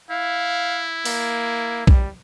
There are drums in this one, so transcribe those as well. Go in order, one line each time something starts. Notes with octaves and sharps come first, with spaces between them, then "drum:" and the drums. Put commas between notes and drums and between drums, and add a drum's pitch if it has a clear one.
E4 F5
A#3, drum: open hi-hat
G3, drum: kick